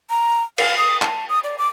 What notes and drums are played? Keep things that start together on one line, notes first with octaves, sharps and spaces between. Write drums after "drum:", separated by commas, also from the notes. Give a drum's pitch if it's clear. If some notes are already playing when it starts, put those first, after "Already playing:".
A#5
F5, drum: cymbal
D#6
A5, drum: clap
D#6
D5
D6